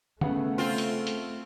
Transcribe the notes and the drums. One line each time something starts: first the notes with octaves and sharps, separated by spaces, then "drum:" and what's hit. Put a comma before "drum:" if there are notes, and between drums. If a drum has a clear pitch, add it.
C#3 A3 B3 F#5, drum: tom
C4 F4
drum: hi-hat
drum: hi-hat